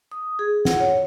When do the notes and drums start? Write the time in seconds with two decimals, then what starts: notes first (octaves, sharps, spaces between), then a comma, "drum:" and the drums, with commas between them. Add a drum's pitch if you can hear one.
0.12 D#6
0.39 G#4
0.65 F#5, drum: snare
0.80 C#5